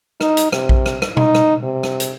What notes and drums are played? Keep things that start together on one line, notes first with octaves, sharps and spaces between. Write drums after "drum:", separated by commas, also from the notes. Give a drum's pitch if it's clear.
D#4, drum: rim click
drum: hi-hat
C3, drum: rim click
drum: kick A#1
drum: rim click
drum: rim click
D#4, drum: tom B2
drum: rim click
C3
drum: rim click
drum: hi-hat